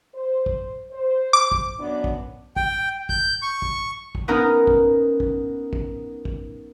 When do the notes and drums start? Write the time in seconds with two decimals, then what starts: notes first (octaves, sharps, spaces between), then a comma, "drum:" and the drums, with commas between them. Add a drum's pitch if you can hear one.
0.15 C5
0.46 drum: kick
0.92 C5
1.33 D6
1.52 drum: kick
1.79 F#2 B3 D4
2.04 drum: kick
2.56 G5, drum: kick
3.09 G6, drum: kick
3.42 C#6
3.62 drum: kick
4.15 drum: kick
4.28 B3 C#4 D#4 A#4
4.67 drum: kick
5.20 drum: kick
5.73 drum: kick
6.25 drum: kick